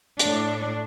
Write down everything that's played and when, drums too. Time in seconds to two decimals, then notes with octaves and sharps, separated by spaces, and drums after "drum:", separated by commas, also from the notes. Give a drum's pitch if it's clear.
0.19 A2 D4, drum: hi-hat